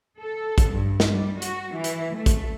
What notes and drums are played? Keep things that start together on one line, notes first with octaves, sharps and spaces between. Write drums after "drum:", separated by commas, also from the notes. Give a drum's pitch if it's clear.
A4
drum: kick, hi-hat
G2
drum: snare
G3
F#4, drum: hi-hat
E3
drum: hi-hat
A3
drum: kick, hi-hat